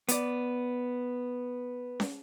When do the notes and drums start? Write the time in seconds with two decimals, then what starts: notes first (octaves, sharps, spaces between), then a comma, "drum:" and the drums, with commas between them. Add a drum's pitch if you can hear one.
0.09 B3 D5, drum: hi-hat
2.00 drum: snare C#4